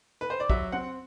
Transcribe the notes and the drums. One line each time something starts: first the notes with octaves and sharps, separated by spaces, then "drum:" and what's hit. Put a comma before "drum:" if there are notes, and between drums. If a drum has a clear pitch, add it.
B4
C5
D5
F#3 E5, drum: kick
C4 F#5